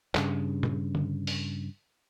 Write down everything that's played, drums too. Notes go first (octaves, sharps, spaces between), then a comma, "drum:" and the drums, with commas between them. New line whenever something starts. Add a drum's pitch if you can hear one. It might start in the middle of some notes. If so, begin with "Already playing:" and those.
G2 C#3, drum: clap
drum: tom A#2
drum: tom D3
drum: open hi-hat